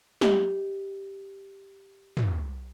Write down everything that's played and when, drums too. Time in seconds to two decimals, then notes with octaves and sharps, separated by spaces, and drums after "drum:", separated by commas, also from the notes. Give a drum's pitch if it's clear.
0.21 G4 D#5, drum: snare
2.17 drum: tom